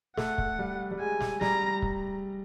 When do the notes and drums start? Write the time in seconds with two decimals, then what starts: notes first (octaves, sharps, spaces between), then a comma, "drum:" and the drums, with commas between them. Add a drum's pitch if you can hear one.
0.17 A3 F#5, drum: snare
0.38 drum: kick C#1
0.59 G3
0.91 G3
1.00 G#3 G#5
1.21 drum: snare
1.41 G3 A#5, drum: snare
1.82 drum: kick C#1